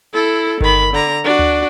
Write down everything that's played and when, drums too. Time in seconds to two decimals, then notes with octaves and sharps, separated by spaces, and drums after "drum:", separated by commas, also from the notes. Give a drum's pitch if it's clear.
0.14 E4 A4
0.61 D#3 B5, drum: kick G1
0.93 D3 A#5
1.24 D4 F#4
1.39 drum: tom D2